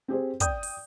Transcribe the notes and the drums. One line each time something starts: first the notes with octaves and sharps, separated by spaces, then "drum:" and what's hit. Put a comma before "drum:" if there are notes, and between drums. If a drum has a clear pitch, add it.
C4 G4 G#4 C5
D5 G5 D#6 G6, drum: kick, hi-hat
drum: open hi-hat